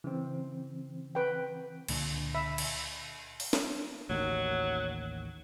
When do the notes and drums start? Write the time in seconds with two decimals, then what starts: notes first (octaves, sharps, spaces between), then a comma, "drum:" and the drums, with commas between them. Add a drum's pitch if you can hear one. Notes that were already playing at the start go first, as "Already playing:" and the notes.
0.04 C#3 E3 C4
1.15 B4 G5
1.88 C#2 A#2 D3, drum: cymbal
2.35 E5 B5
2.58 drum: cymbal
3.40 drum: open hi-hat
3.53 drum: snare
4.10 A1 D#2 D#3 F#3